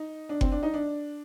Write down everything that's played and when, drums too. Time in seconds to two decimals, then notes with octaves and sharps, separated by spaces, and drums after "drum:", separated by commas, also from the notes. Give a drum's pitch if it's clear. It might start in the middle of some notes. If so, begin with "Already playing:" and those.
Already playing: D#4
0.29 D4
0.41 C4, drum: kick F#1
0.52 D4
0.63 D#4
0.74 D4